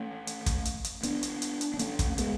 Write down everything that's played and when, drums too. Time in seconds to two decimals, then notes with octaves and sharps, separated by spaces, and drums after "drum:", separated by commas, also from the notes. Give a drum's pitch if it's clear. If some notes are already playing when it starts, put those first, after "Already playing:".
Already playing: A3 C#4
0.27 drum: hi-hat
0.46 drum: kick, hi-hat
0.65 drum: hi-hat
0.84 drum: hi-hat
1.03 B3 D4, drum: hi-hat
1.23 drum: hi-hat
1.42 drum: hi-hat
1.61 drum: hi-hat
1.74 D4
1.79 A3 C#4, drum: hi-hat
1.99 drum: kick, hi-hat
2.18 G#3 B3, drum: hi-hat